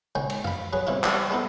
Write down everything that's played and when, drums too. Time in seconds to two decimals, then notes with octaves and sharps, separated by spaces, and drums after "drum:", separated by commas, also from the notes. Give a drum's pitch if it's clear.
0.15 C#2 D#3 G5 G#5
0.30 drum: cymbal
0.44 F5 B5, drum: tom F#2
0.73 F#3 G#4 B4
0.87 G2 C3 E3 E4 F4
1.04 E3 G3, drum: clap
1.30 G#3 B3 D#4 E4 A4